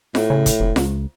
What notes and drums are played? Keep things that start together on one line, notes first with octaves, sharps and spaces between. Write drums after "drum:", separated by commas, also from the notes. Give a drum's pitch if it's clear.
A2, drum: snare F4
C#3
drum: kick, hi-hat
F1
C#2, drum: snare F4